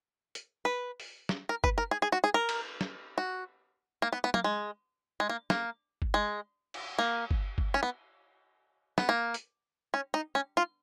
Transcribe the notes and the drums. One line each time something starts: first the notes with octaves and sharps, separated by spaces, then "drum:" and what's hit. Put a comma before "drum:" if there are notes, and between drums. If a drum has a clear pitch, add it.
drum: hi-hat
B4
drum: open hi-hat
drum: snare
A#4
B4, drum: kick G1
A#4
G#4
G#4
F#4
G#4
A#4
drum: cymbal
drum: snare
F#4
A#3
B3
B3
A#3, drum: tom
G#3
G#3
A#3
A#3, drum: snare
drum: kick G1
G#3
drum: cymbal
A#3
drum: kick G1
drum: kick G1
C#4
B3
B3, drum: snare
A#3
drum: hi-hat
C#4
D#4
C#4
F4